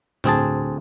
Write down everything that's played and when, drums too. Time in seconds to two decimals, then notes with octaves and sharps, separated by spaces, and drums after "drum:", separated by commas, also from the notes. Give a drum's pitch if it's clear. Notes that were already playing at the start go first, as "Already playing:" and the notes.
0.24 D2 C4 G#4 A5, drum: tom A2